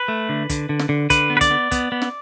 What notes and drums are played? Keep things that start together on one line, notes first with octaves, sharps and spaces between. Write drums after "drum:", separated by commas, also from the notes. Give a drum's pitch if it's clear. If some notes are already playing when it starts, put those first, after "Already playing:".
Already playing: B4
A3
D3
D3, drum: kick, hi-hat
D3
drum: snare
D3
D3 B4, drum: kick, hi-hat
B3
B4
D5, drum: kick, hi-hat
B3
B3, drum: kick, hi-hat
B3
drum: snare